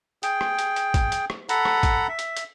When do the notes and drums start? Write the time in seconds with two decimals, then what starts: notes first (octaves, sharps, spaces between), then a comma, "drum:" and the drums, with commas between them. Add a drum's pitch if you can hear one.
0.23 G#4 G5, drum: hi-hat
0.41 drum: rim click
0.59 drum: hi-hat
0.76 drum: hi-hat
0.94 drum: kick, hi-hat
1.12 drum: hi-hat
1.30 drum: rim click
1.49 A4 F#5 A#5 B5, drum: hi-hat
1.65 drum: rim click
1.83 drum: kick, hi-hat
2.08 E5
2.19 drum: hi-hat
2.37 drum: hi-hat